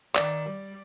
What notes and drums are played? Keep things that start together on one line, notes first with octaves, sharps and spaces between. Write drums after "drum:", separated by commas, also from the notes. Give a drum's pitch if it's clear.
D#3 D5, drum: clap
G3